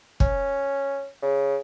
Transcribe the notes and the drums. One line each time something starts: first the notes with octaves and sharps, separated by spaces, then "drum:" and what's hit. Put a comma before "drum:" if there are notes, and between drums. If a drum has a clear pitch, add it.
C#4, drum: kick
C#3